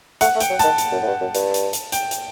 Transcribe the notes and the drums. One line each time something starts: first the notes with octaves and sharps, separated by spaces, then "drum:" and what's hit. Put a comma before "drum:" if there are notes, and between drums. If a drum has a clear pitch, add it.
A3 F#5, drum: hi-hat
A3
G5, drum: hi-hat
F#3
D#3 A5, drum: hi-hat
drum: hi-hat
F#2
A2
G2
F#2
G2, drum: hi-hat
drum: hi-hat
drum: hi-hat
G5, drum: hi-hat
drum: hi-hat